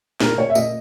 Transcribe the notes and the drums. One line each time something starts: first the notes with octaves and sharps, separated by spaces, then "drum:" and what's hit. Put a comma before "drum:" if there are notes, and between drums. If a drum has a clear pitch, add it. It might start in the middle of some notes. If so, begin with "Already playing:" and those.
A#2 A#4, drum: snare
A#2 C#5
E5
A#2 D#5, drum: tambourine